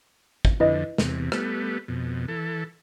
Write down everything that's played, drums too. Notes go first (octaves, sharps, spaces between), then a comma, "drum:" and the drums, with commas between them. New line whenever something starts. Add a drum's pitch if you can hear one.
drum: kick
F2 D3 E4 B4 D#5
E2 C3, drum: snare
G3 A3 B3, drum: rim click
F2 B2
E3 A4